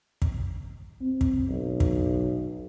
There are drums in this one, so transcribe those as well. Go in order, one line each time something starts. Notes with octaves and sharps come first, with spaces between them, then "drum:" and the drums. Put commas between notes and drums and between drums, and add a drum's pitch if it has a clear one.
drum: kick
C4
drum: kick
B1
drum: kick